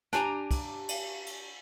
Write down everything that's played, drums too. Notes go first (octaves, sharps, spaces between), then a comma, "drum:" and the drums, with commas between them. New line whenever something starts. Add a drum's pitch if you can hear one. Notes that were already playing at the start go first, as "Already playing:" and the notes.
D4 G4 G#5 A#5, drum: snare
drum: kick, cymbal
drum: cymbal
drum: cymbal